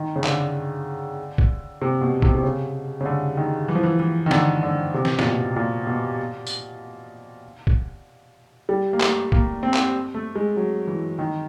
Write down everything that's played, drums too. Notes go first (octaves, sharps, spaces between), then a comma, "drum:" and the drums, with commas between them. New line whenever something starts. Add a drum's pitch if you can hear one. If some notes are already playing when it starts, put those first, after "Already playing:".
Already playing: D#3
C#3
D3, drum: clap
drum: kick
C3
B2
C3, drum: kick
C3
C#3
C#3
D3
D#3
E3
F3
E3
E3
D#3
D3, drum: snare
D3
C3
drum: snare
A#2, drum: snare
B2
A#2
B2
drum: tambourine
drum: kick
G3
A#3
A3, drum: clap
A#3, drum: kick
C4
drum: clap
A3
G#3
F#3
E3
D#3